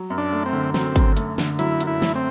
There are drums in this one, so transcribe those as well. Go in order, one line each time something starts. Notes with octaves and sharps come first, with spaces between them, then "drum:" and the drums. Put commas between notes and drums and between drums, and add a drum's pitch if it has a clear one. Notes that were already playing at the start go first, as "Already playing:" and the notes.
Already playing: F#3
F#2
D4
A3
C4
D3
F#3 C4, drum: snare
F#2, drum: kick, hi-hat
A3, drum: hi-hat
D3, drum: snare
F#3 E4, drum: hi-hat
F#2, drum: hi-hat
E4
A3, drum: snare
C4